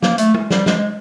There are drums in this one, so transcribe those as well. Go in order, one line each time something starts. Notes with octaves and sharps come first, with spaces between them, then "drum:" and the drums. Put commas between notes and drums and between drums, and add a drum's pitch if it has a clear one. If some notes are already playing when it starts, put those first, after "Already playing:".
A#3, drum: snare
A3, drum: hi-hat
drum: tom
G3, drum: snare
G#3, drum: snare
G#3